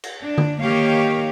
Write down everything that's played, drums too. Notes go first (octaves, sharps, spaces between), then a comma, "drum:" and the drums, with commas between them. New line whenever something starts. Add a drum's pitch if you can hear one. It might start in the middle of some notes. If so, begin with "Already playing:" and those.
drum: cymbal
D4
drum: tom D3
D#3 A#3 G4 C#5 F5